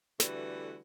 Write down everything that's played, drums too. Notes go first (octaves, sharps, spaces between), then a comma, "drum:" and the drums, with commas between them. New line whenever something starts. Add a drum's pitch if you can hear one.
D3 E3 G3 A3 F#4 B4, drum: snare